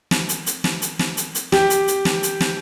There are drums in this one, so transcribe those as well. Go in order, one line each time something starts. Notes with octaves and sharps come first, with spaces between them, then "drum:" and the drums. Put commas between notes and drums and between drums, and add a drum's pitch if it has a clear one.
drum: snare
drum: hi-hat
drum: hi-hat
drum: snare
drum: hi-hat
drum: snare
drum: hi-hat
drum: hi-hat
G4, drum: snare
drum: hi-hat
drum: hi-hat
drum: snare
drum: hi-hat
drum: snare